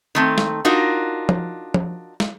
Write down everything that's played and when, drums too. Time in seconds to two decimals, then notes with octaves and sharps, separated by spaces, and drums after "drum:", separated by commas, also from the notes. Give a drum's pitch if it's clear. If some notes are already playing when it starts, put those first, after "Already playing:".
0.15 D#3 A3 C4
0.38 drum: snare
0.65 D4 D#4 F4 F#4 A#4
1.29 drum: tom F3
1.74 drum: tom F3
2.20 drum: snare